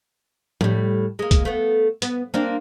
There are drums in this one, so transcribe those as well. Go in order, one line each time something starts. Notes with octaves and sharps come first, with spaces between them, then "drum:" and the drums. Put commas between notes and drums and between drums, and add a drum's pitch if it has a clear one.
A2 G3, drum: tom F3
G#3 A#3
drum: kick, hi-hat
A3 B3
B3, drum: hi-hat
A#3 C4 D4